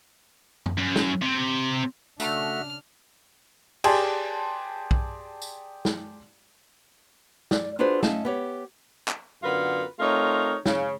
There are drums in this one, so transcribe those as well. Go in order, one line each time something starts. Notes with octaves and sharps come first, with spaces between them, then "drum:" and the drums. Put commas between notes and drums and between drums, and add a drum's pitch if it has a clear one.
drum: tom
F#2
drum: snare
C3
C#3 A3 D4 F#4 E5 F6, drum: tambourine
G4 G#4 D5 G#5 A5 C6, drum: cymbal
drum: kick B1
drum: tambourine
drum: snare
D5, drum: snare
D4 F4 F#4 G#4 B4 C5
A3 C#4 D#5 F5 A5, drum: snare
B3 G4 C#5
drum: clap
F#2 D3 B3 F4 A#4 B4
A3 C4 D#4 F4 A#4 C#5
C#3, drum: snare